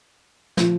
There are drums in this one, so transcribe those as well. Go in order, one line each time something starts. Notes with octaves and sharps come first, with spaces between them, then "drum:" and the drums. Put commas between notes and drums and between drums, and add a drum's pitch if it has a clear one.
F3, drum: snare